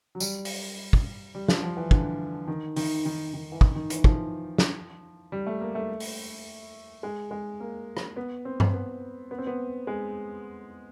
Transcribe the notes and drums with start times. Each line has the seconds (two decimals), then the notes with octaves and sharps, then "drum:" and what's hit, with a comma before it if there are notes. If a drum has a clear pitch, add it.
0.15 F#3
0.20 G3, drum: tambourine
0.45 drum: open hi-hat
0.93 drum: kick
1.35 G3
1.48 F3, drum: snare
1.63 F3
1.77 E3
1.91 D3, drum: kick
2.48 D#3
2.76 D#3, drum: open hi-hat
3.05 D#3
3.34 D#3
3.52 E3
3.61 D#3, drum: kick
3.76 D#3
3.90 E3, drum: hi-hat
4.04 F3, drum: kick
4.58 drum: snare
5.32 G3
5.47 A3
5.61 A#3
5.75 A3
6.00 drum: open hi-hat
7.03 G#3
7.31 G#3
7.60 A#3
7.97 drum: rim click
8.16 B3
8.45 C4
8.60 drum: tom G2
8.73 B3
9.31 B3
9.38 C4
9.47 B3
9.87 G#3